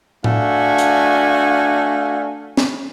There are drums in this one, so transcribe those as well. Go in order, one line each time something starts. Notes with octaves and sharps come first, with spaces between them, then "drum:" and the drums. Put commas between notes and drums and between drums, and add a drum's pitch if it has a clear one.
A3 D4 F#4 F5 G#5, drum: tom A2
drum: hi-hat
drum: snare